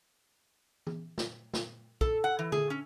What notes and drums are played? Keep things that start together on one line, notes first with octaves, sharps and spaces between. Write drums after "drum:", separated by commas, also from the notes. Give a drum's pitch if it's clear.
drum: tom E3
drum: snare
drum: snare
A4, drum: kick
F#5
E3
G#4, drum: tom D3
C#4